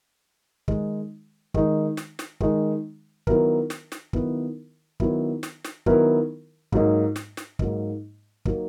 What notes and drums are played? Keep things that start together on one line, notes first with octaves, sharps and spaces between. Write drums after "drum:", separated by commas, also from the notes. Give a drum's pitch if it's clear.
D#3 G#3 D#4, drum: kick
D#3 G#3 D#4, drum: kick
drum: snare
drum: snare
D#3 G#3 D#4, drum: kick
D#3 F#3 B3 E4 A#4, drum: kick
drum: snare
drum: snare
D#3 F#3 B3 E4 A#4, drum: kick
D#3 F#3 B3 E4 A#4, drum: kick
drum: snare
drum: snare
D#3 F#3 B3 E4 A#4, drum: kick
G#2 F#3 A#3 D#4, drum: kick
drum: snare
drum: snare
G#2 F#3 A#3 D#4, drum: kick
F#3 A#3 D#4, drum: kick